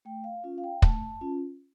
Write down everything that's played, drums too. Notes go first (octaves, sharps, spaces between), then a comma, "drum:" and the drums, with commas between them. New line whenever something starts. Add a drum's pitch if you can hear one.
A3 G5
F5
C#4 F4
F5
G5
A3 A5, drum: kick
C#4 F4